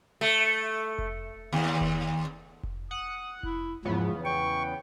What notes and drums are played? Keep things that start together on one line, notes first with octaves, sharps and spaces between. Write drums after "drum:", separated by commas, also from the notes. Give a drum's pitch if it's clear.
A3
drum: kick F1
D#2
drum: kick F1
drum: kick F1
F#5 D#6
E4, drum: kick F1
E2 G#2 C#3 F3 B3 E4
G5 C#6